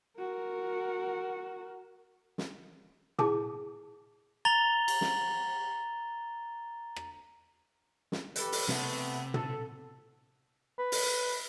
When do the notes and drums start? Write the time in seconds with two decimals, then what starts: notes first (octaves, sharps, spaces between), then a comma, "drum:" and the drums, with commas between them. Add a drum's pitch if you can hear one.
0.19 F#4 A#4
2.38 drum: snare
3.19 E4 G#4 A5 D6, drum: tom
4.45 A#5 A6 F7 G7
4.88 drum: cymbal
5.01 drum: snare
6.96 drum: rim click
8.12 drum: snare
8.36 G4 A4 B4, drum: hi-hat
8.52 drum: open hi-hat
8.68 C3 A3 B3, drum: snare
9.34 A4, drum: tom
10.78 B4
10.92 drum: open hi-hat